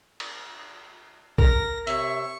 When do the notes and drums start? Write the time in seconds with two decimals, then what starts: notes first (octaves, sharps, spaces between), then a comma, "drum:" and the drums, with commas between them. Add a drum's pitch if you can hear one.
0.20 drum: cymbal
1.38 A#4 A#6, drum: kick A#1
1.87 C3 C#5 E5 C#6, drum: tambourine